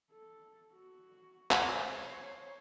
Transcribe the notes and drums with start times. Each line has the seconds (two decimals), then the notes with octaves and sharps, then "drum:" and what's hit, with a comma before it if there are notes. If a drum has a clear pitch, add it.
0.12 A4
0.72 F#4
1.51 drum: clap
1.61 C5 C#5